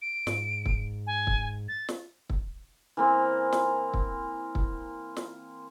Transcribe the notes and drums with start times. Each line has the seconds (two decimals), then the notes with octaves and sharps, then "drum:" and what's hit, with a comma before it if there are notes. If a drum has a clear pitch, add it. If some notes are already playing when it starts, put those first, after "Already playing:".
0.01 D7
0.27 G#2, drum: snare
0.66 drum: kick
1.06 G#5
1.27 drum: kick
1.68 A6
1.89 drum: snare
2.30 drum: kick
2.97 E3 A#3 C4
3.53 drum: snare
3.94 drum: kick
4.55 drum: kick
5.17 drum: snare